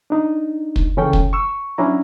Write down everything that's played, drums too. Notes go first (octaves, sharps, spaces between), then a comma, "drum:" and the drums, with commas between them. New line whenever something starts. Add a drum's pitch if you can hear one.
D4 D#4
drum: kick
D2 C#3 E3 C#4 A4 G5
drum: kick
C#6 E6
F#3 C#4 D4 E4 A#5